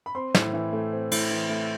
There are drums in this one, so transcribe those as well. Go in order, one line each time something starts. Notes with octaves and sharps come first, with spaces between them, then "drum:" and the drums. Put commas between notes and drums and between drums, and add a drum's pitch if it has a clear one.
B5
C4 C6
A2, drum: snare
E3
A3
C4
A2, drum: cymbal
E3
A3